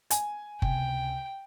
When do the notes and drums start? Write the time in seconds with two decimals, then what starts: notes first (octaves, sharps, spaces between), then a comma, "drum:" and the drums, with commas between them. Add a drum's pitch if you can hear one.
0.11 G#5, drum: hi-hat
0.62 C#2 C3 G5, drum: kick F#1